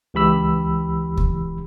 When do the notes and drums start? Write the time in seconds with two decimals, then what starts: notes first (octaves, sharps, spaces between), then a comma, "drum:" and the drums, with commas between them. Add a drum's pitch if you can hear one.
0.14 C#2 E3 G4 B5 E6
1.17 drum: kick D2